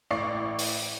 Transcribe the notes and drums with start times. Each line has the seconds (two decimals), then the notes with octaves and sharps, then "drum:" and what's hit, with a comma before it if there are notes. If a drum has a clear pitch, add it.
0.11 A1 A2 D5 C#6 C7
0.59 drum: open hi-hat